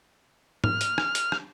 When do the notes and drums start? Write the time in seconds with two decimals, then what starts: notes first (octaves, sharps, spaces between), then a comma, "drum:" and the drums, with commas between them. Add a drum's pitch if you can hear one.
0.64 F6, drum: tom G#2
0.81 drum: hi-hat
0.98 drum: rim click
1.15 drum: hi-hat
1.32 drum: rim click